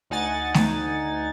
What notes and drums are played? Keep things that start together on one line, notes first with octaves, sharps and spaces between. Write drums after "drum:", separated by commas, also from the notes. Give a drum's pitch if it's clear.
D2 D#4 F#5 G#5 A6
drum: snare A3